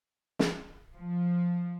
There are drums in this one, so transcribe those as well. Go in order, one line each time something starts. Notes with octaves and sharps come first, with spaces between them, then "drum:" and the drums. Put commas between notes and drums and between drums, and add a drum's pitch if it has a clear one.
drum: snare
F3